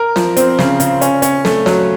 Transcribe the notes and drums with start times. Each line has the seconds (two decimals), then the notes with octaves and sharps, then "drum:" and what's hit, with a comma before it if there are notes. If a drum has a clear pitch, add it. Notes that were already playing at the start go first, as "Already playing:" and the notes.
Already playing: A#4
0.16 F3, drum: snare
0.37 C4, drum: hi-hat
0.59 C#3, drum: snare
0.80 C#3, drum: hi-hat
1.01 C#4, drum: hi-hat
1.22 C#4, drum: hi-hat
1.45 A3, drum: snare
1.66 F#3, drum: snare